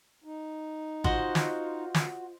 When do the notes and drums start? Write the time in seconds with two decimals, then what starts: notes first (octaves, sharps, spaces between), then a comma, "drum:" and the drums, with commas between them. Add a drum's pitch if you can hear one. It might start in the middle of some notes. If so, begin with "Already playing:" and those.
0.24 D#4
1.04 F4 F#4 C5 D#5, drum: kick
1.35 drum: snare
1.94 drum: snare